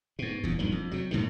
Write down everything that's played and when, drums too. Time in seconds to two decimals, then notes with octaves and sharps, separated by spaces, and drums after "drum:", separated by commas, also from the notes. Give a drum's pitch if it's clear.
0.19 G#2 B2
0.43 E2 A#2, drum: kick D#2
0.59 A#1 G2 D#3 F3
0.72 F2
0.91 C3 F#3
1.11 F2 A2 C3 D#3